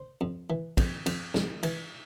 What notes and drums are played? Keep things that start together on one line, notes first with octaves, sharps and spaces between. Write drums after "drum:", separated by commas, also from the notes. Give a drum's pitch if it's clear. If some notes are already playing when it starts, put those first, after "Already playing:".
Already playing: C5
F2
E3
F2, drum: kick, cymbal
F2, drum: cymbal
F2, drum: snare
E3, drum: cymbal